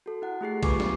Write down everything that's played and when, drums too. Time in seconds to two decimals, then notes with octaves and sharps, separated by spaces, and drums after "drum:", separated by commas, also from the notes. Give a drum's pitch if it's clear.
0.06 F#4 A4
0.22 E4 F#5
0.41 A3 G4 G#4 C7
0.63 F4 B4 G#5 C#6 D6 C7, drum: kick B1, cymbal
0.80 B3 G4, drum: snare